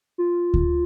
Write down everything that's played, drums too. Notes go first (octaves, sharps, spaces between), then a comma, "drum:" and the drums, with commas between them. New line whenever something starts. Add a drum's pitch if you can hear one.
F4
drum: kick D2